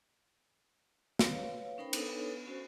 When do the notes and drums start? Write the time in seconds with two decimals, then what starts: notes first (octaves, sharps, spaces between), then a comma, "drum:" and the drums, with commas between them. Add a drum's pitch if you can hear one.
1.19 B4 C#5 F5, drum: snare
1.78 C#4 D#4 A#4 C5 G5 B5
1.93 B3 D4 D#4 A4 B4 C#5, drum: cymbal
2.46 C#4 F#4 C5